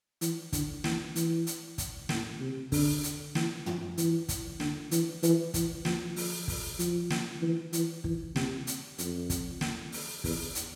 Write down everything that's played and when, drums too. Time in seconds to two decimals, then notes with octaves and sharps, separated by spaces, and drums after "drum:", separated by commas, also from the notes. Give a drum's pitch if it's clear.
0.21 E3, drum: hi-hat
0.53 D3, drum: kick, hi-hat
0.84 E3, drum: snare
1.16 E3, drum: hi-hat
1.47 drum: hi-hat
1.78 drum: kick, hi-hat
2.09 A2, drum: snare
2.41 C3
2.72 D3, drum: kick, open hi-hat
3.03 drum: hi-hat
3.35 E3, drum: snare
3.66 F3, drum: tom
3.98 E3, drum: hi-hat
4.29 drum: kick, hi-hat
4.60 D3, drum: snare
4.91 E3, drum: hi-hat
5.23 E3, drum: hi-hat
5.54 E3, drum: kick, hi-hat
5.85 F3, drum: snare
6.16 F3, drum: open hi-hat
6.48 drum: kick, open hi-hat
6.79 F3, drum: hi-hat
7.10 drum: snare
7.42 E3
7.73 E3, drum: hi-hat
8.04 E3, drum: kick
8.36 C3, drum: snare
8.67 drum: hi-hat
8.98 F2, drum: hi-hat
9.30 drum: kick, hi-hat
9.61 drum: snare
9.92 drum: open hi-hat
10.24 E2, drum: kick, open hi-hat
10.55 drum: hi-hat